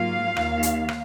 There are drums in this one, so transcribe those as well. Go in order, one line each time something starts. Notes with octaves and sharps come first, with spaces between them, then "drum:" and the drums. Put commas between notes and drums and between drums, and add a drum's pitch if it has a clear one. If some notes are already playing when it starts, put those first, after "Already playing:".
Already playing: G#2 F#3 A#3 F4 F5
D#2 D#3 A#3, drum: rim click
drum: hi-hat
drum: rim click